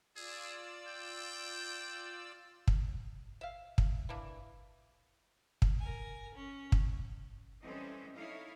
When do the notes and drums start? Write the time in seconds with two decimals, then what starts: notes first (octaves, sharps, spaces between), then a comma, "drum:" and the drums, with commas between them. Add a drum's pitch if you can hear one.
0.17 F4 G#4 D5 E6
0.88 G5
2.68 drum: kick
3.41 E5 F5
3.78 drum: kick
4.09 E3 A#3 D4
5.62 drum: kick
5.79 A#4 G#5
6.34 C#4
6.72 drum: kick
7.62 E3 G3 C4 C#4 A4 D#5
8.14 D#4 E4 A4 C#5 F5